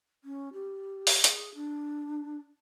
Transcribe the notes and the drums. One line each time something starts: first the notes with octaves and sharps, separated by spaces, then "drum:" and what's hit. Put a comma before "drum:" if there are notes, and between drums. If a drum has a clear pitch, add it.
C#4
G4
drum: open hi-hat
G#4, drum: hi-hat
D4